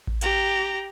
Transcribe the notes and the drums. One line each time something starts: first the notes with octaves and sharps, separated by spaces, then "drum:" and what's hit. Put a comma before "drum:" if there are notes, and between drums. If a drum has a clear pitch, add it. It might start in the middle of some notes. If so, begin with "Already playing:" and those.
drum: kick A1
G4 A#5, drum: hi-hat